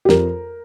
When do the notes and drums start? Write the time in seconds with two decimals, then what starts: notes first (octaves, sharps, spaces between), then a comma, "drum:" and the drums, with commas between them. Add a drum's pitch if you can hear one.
0.05 G4
0.09 F2 A#4, drum: snare